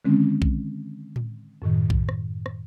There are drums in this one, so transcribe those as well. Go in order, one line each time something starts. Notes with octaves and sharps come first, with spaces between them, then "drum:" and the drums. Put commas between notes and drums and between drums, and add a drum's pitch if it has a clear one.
D3 D#3 G#3 C4 C#4
drum: kick B1
drum: tom A2
F#2 A2 D#3
drum: kick B1
drum: rim click
drum: rim click